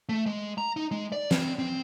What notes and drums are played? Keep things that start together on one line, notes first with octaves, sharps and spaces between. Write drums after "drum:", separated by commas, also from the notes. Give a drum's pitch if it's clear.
A3
G#3
A#5
D#4
G#3
D5
C4, drum: snare
C4